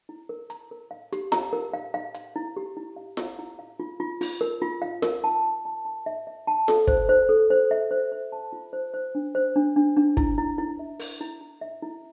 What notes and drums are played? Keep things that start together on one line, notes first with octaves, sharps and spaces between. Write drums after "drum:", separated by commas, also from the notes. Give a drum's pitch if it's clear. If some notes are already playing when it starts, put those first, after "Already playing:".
E4
A#4
A#5, drum: hi-hat
A#4
F5
G4, drum: hi-hat
A#5, drum: snare F4
A#4
F5
F5
F5, drum: hi-hat
E4
G4
E4
F5
E4, drum: snare F4
E4
F5
F4
F4
F4, drum: open hi-hat
A#4
F4
F5
A#4, drum: snare F4
A5
A5
A5
A5
E5
E5
A5
A4, drum: snare F4
C5, drum: kick
C5
A4
C5
E5
C5
C5
A5
F4
C5
C5
D4
C5
D4
D4
D4
E4, drum: kick
E4
E4
E5
A#4, drum: open hi-hat
E4
E4
E5
E4